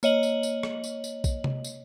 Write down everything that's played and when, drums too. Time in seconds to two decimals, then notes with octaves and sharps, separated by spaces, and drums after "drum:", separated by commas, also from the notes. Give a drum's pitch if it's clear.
0.03 A#3 C#5 D#5 F#7, drum: tambourine
0.23 drum: tambourine
0.43 drum: tambourine
0.63 drum: rim click
0.84 drum: tambourine
1.04 drum: tambourine
1.24 drum: kick A#1, tambourine
1.44 drum: tom C3
1.64 drum: tambourine